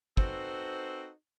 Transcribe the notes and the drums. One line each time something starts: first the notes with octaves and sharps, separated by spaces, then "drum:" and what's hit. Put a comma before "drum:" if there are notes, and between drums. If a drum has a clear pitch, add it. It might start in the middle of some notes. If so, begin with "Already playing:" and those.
C4 D#4 F#4 A4 B4 C5, drum: kick